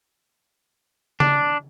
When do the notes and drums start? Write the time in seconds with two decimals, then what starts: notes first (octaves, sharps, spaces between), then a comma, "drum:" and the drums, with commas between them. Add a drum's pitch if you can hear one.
1.20 D4, drum: tom C#3